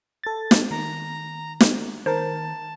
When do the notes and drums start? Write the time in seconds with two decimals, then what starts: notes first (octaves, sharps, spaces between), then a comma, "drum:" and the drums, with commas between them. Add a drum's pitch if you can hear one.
0.24 A4 A6
0.51 drum: snare
0.71 D#3 A#5
1.60 drum: snare
2.06 D#3 A#4 C5 A5